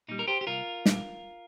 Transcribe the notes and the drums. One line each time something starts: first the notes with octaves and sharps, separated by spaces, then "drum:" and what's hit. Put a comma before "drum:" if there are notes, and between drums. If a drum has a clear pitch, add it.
A#2 G3 D#4
A#4
G4 C5
G4
C2 F4 A#4
A#2 G3, drum: snare